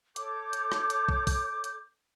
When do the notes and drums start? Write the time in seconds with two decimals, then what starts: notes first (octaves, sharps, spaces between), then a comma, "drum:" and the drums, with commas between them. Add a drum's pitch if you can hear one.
0.16 A4 C#5 D6 G6, drum: hi-hat
0.53 drum: hi-hat
0.72 drum: rim click
0.90 drum: hi-hat
1.09 drum: kick
1.27 drum: kick, open hi-hat
1.64 drum: hi-hat